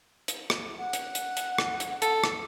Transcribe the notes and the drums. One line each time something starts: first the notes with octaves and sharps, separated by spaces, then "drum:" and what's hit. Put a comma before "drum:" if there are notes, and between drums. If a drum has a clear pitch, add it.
drum: hi-hat
drum: rim click
F#5
drum: hi-hat
drum: hi-hat
drum: hi-hat
drum: rim click
drum: hi-hat
A4, drum: hi-hat
drum: rim click